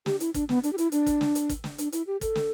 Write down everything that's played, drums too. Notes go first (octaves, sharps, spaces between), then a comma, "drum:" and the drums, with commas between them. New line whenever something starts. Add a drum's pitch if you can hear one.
G4, drum: snare
E4, drum: hi-hat
D4, drum: kick, hi-hat
B3, drum: snare
D4, drum: hi-hat
G4
E4, drum: hi-hat
D4, drum: hi-hat
drum: kick, hi-hat
drum: snare
drum: hi-hat
drum: kick, hi-hat
drum: snare
D4, drum: hi-hat
E4, drum: hi-hat
G4
A4, drum: kick, hi-hat
drum: snare